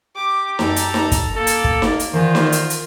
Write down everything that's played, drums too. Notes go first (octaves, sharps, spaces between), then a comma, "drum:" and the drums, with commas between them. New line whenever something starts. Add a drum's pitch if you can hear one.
G4 D6
F#2 D#4 A4 A#5, drum: snare D#4
drum: hi-hat
drum: snare D#4
drum: kick, hi-hat
A#3 A4
drum: hi-hat
drum: kick
drum: snare D#4
drum: hi-hat
D#3 E3 F4 C5 D5 F#5
drum: snare D#4
drum: hi-hat
drum: hi-hat